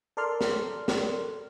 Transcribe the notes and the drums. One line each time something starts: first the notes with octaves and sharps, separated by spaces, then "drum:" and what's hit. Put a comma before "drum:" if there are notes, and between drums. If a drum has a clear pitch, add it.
A4 A#4 D5 C6 F6
drum: snare
drum: snare